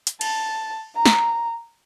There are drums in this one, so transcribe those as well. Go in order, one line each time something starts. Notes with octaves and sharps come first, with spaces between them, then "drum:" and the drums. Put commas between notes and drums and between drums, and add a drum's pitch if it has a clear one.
drum: hi-hat
A5, drum: cymbal
A#5
drum: snare